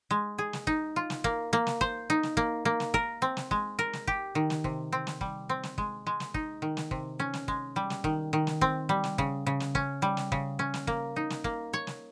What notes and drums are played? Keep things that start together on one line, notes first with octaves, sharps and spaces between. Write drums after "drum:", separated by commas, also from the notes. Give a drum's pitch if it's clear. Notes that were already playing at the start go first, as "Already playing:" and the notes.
G#3
G#4
drum: snare
D#4, drum: kick
F4
drum: snare
A#3, drum: kick
A#3
drum: snare
C5, drum: kick
D#4
drum: snare
A#3, drum: kick
A#3
drum: snare
A#4, drum: kick
C4
drum: snare
G#3, drum: kick
A#4
drum: snare
G4, drum: kick
D#3
drum: snare
C3, drum: kick
C4
drum: snare
G3, drum: kick
C4
drum: snare
G#3, drum: kick
G#3
drum: snare
D#4, drum: kick
D#3
drum: snare
C3, drum: kick
C#4
drum: snare
G#3, drum: kick
G3
drum: snare
D#3, drum: kick
D#3
drum: snare
C4, drum: kick
G3
drum: snare
C#3, drum: kick
C#3
drum: snare
C#4, drum: kick
G3
drum: snare
C#3, drum: kick
C#4
drum: snare
A#3, drum: kick
D#4
drum: snare
A#3, drum: kick
C#5
drum: snare